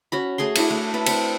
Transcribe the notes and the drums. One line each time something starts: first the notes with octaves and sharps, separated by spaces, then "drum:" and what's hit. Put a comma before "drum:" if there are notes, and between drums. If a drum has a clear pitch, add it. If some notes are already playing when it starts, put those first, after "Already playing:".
C#4 F#4 B5
A3 G#4 G#5 C6
D4 E4 F#4 C#5, drum: cymbal
A3
A4 B4
C4 B4, drum: cymbal